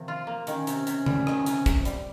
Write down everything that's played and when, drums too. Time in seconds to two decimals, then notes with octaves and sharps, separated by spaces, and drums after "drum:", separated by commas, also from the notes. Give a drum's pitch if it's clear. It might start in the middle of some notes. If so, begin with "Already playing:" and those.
Already playing: C3 D#3 F3
0.08 F4
0.27 A#3
0.47 D#3 C#4, drum: hi-hat
0.67 C3, drum: hi-hat
0.87 C3, drum: hi-hat
1.06 G3, drum: tom C#3
1.27 D#3, drum: rim click
1.46 C3, drum: hi-hat
1.66 C3, drum: kick, hi-hat
1.85 G3, drum: hi-hat